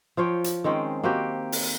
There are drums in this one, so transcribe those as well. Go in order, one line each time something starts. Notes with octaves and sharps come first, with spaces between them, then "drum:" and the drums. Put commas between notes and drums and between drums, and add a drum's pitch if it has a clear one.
F3 F4 C#5 G5
drum: hi-hat
D#3 G#3 C4 C#4
A#3 C4 F#4 G4
drum: open hi-hat